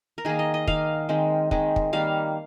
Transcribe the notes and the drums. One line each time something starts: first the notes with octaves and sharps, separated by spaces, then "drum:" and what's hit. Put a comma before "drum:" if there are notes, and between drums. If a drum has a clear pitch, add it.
A#4
D#3 A#3 G#4
D#5
D#5
D#3 A#3 F5, drum: kick
D#3 G#3 C4
D#3 G#3 C4, drum: kick
drum: kick
D#3 G3 A#3 F5